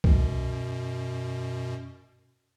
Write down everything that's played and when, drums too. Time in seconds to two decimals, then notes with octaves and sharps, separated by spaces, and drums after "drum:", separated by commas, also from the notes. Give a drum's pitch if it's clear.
0.04 F#2 B2, drum: kick C2